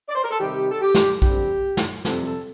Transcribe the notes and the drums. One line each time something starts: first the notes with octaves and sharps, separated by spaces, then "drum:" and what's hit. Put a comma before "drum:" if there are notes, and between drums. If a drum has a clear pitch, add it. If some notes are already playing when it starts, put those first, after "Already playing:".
D5
C5
A#4
A4
C3 D#3 G3 G4
A4
G4
drum: snare
F2 D3 G3 C4 G4, drum: kick A#1
drum: snare
F2 C3 G3 C4 A4, drum: snare
A4